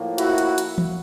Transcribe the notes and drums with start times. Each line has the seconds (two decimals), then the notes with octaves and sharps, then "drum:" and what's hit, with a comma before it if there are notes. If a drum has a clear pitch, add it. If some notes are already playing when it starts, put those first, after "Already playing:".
Already playing: A2 F3 A#3
0.18 E4 F#4, drum: hi-hat
0.38 drum: hi-hat
0.58 drum: hi-hat
0.78 drum: tom